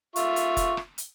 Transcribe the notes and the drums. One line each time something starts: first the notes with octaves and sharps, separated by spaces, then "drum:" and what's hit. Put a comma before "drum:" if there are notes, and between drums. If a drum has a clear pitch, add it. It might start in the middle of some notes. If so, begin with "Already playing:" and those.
F4 E5 C#6, drum: hi-hat
drum: hi-hat
drum: kick F1, hi-hat
drum: rim click
drum: hi-hat